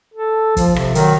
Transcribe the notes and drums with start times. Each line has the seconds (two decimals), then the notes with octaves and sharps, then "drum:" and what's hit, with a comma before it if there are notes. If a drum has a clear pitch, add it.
0.14 A4
0.57 F3, drum: kick, hi-hat
0.76 C3, drum: rim click
0.95 D#3 F#3, drum: hi-hat